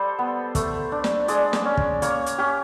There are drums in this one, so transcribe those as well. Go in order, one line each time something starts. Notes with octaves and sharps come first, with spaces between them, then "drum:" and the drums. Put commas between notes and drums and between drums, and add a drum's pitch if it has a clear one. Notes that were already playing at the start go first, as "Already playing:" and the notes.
Already playing: G3 A4 C5
B3
A3, drum: kick, hi-hat
D4
drum: snare
G#3 D5, drum: hi-hat
drum: snare
C#4
drum: kick
A#3 C#5, drum: hi-hat
drum: hi-hat
C#4 G4